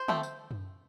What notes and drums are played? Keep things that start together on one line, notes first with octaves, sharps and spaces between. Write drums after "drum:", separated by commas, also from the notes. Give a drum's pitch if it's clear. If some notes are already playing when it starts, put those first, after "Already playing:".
Already playing: C5
F3 A3 C4, drum: tom D3
drum: tambourine
drum: tom F#2